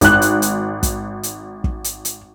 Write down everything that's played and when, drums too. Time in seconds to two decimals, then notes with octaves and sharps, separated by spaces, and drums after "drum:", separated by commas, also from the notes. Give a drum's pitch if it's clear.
0.01 G#1 F#6, drum: kick, hi-hat
0.22 drum: hi-hat
0.42 drum: hi-hat
0.83 drum: kick, hi-hat
1.23 drum: hi-hat
1.64 drum: kick
1.84 drum: hi-hat
2.05 drum: hi-hat